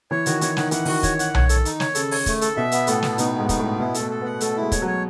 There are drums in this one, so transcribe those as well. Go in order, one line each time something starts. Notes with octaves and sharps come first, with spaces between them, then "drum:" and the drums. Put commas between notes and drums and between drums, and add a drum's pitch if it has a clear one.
E3 C#5
D#3 F#4, drum: hi-hat
E3 C#5, drum: hi-hat
D#3 F#5, drum: snare
E3 F#5, drum: hi-hat
D#3 F#4, drum: open hi-hat
C#5, drum: kick, hi-hat
F#5, drum: hi-hat
C#5, drum: tom B1
A4, drum: hi-hat
D#4, drum: hi-hat
C#5, drum: snare
C#3 A4, drum: hi-hat
C#5, drum: open hi-hat
A3, drum: kick, hi-hat
A4, drum: hi-hat
B2 E5
B3, drum: hi-hat
A2 A4, drum: hi-hat
B3, drum: snare
B2 D#4, drum: hi-hat
G#2 B3
D#4, drum: kick, hi-hat
A2 B3
B2 E4
A4, drum: hi-hat
A3
A4
B3 F#5
A3 A4, drum: hi-hat
E4
G#3
C#5, drum: kick, hi-hat
F#3 C#5